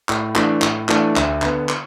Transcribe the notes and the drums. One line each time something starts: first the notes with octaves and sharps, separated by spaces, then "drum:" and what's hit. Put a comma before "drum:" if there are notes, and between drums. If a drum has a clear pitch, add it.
A2, drum: clap
E3 A3 D4, drum: clap
A2, drum: clap
E3 A3 D4, drum: clap
D2, drum: clap
D3 B3, drum: clap
drum: clap